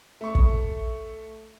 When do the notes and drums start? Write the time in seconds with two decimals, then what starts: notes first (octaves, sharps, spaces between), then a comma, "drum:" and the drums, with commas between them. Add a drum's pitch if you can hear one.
0.21 A3 C#6
0.35 drum: kick